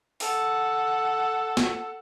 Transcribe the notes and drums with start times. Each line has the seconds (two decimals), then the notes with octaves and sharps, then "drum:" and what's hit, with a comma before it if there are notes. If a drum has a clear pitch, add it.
0.20 A4 F#5, drum: open hi-hat
1.57 drum: snare